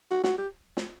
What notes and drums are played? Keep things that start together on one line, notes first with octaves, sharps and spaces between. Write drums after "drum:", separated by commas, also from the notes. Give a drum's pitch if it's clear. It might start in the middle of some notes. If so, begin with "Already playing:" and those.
F#4
F#4, drum: snare
G4
drum: snare